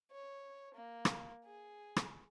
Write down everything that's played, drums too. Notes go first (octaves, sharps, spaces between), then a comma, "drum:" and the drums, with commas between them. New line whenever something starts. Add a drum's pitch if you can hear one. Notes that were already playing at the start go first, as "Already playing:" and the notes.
C#5
A#3
drum: rim click
G#4
drum: rim click